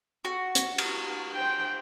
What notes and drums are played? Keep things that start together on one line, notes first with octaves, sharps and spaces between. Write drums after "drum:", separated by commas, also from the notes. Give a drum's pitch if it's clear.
F#4
drum: hi-hat
drum: cymbal
C5 G5